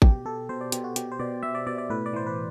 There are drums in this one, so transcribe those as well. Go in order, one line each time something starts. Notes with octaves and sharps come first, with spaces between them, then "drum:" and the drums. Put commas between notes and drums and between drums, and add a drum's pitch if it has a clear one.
B2 G4, drum: kick A1
B2 A4
B2 C5
D5
B2 G4, drum: hi-hat
F#4
B2 G4, drum: hi-hat
C5
B2 D5
B2 E5
D5
B2 D5
D5
A2 B4
D5
E3 C5
B4